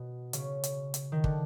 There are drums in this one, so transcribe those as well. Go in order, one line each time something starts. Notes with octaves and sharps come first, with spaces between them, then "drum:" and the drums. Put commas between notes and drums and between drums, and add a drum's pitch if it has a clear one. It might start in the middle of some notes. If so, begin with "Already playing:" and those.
Already playing: B2
C#3, drum: hi-hat
drum: hi-hat
drum: hi-hat
D#3
D3, drum: kick